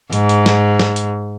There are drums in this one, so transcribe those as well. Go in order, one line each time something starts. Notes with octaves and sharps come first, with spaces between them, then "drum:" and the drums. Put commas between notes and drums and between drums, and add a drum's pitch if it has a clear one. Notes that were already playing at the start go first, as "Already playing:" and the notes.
G#2, drum: hi-hat
drum: hi-hat
drum: snare
drum: snare
drum: hi-hat